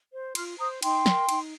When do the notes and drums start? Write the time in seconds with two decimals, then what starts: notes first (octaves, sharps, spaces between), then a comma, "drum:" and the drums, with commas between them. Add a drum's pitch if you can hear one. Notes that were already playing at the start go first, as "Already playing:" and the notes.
0.12 C5
0.35 F4 C6 F6, drum: cymbal
0.58 C5 A#5 D#6
0.83 D#4 G5 C6, drum: cymbal
1.06 A#4, drum: snare
1.29 D#4, drum: cymbal